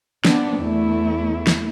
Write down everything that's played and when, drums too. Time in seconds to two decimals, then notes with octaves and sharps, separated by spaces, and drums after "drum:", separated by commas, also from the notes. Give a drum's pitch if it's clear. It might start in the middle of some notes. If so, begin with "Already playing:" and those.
0.25 B3 C4 D4, drum: snare
0.60 E2 A3 E4
1.47 drum: snare